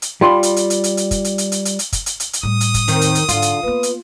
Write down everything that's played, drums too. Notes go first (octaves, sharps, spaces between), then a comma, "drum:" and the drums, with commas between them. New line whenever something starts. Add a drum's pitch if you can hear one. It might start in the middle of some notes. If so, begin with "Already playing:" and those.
drum: hi-hat
G3 F4 B5 C6
drum: hi-hat
drum: hi-hat
drum: hi-hat
drum: hi-hat
drum: hi-hat
drum: kick, hi-hat
drum: hi-hat
drum: hi-hat
drum: hi-hat
drum: hi-hat
drum: hi-hat
drum: kick, hi-hat
drum: hi-hat
drum: hi-hat
drum: hi-hat
A2 G3 D#6
drum: hi-hat
drum: kick, hi-hat
D#2 D#3 C4, drum: hi-hat
drum: hi-hat
drum: hi-hat
G#2 D3 E4 F4, drum: hi-hat
drum: hi-hat
A#3 B3 B4
drum: hi-hat